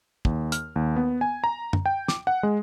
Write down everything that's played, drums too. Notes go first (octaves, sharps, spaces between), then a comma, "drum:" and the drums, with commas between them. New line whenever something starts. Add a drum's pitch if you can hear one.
D#2, drum: kick
F6, drum: hi-hat
D#2
B3
G#5
A#5
drum: tom F#2
G5
D6, drum: snare
F#5
G#3